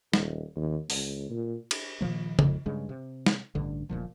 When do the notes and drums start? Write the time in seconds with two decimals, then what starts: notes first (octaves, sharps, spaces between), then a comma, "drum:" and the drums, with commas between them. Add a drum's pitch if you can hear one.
0.13 D#1, drum: snare
0.56 D#2
0.90 C#2, drum: open hi-hat
1.30 A#2
1.71 drum: cymbal
2.01 A#2 D#3 F3 A#3
2.39 G#1 F2, drum: tom
2.66 G2 C#3 G#3
2.89 C3
3.26 drum: snare
3.55 A1 G2 D3
3.89 D1 C2 A#2 F3